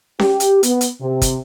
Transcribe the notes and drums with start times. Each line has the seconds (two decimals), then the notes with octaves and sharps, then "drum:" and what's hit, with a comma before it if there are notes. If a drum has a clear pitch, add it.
0.19 G4, drum: snare C#4
0.40 drum: hi-hat
0.63 B3, drum: hi-hat
0.81 drum: hi-hat
1.01 C3
1.22 drum: kick, hi-hat